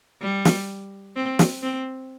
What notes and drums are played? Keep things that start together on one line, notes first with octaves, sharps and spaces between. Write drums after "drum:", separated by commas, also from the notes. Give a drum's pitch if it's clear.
G3
drum: snare
C4
drum: snare
C4